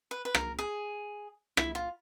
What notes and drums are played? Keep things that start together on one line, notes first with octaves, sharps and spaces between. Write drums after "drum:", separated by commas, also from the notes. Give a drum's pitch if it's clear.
B4
B4
A#4, drum: rim click
G#4
E4, drum: rim click
F4